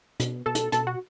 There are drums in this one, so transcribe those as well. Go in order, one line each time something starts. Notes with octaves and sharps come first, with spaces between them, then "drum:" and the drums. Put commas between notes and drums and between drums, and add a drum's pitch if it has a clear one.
B2, drum: hi-hat
B2 A4 A5
drum: hi-hat
B2 A4 A5, drum: hi-hat
F#4 F#5